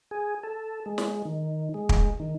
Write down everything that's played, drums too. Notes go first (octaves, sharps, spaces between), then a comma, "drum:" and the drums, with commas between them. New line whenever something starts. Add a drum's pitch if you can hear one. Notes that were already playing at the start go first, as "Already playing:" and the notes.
G#4
A4
G#3
drum: snare
D#3
G#3
drum: kick
D#3